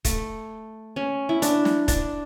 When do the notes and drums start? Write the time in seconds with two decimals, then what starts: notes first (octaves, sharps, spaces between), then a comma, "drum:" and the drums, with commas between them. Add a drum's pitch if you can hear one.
0.05 A3, drum: kick, hi-hat
0.96 C#4
1.29 E4
1.42 D4, drum: hi-hat
1.65 drum: snare
1.88 D4, drum: kick, hi-hat